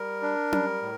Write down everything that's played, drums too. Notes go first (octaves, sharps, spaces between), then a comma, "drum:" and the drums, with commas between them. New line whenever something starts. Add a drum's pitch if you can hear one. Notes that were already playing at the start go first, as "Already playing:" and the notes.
Already playing: G3 A#4
D4
G3, drum: tom C#4
A2